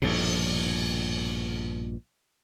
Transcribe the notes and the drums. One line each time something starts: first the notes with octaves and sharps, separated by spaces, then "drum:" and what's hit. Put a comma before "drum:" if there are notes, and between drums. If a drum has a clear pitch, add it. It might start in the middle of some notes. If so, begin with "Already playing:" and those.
A#1 G2 B2, drum: cymbal